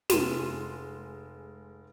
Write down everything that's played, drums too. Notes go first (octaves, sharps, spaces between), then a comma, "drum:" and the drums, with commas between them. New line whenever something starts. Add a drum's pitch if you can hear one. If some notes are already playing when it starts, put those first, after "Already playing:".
F1 G#3 C6 D#7 E7, drum: snare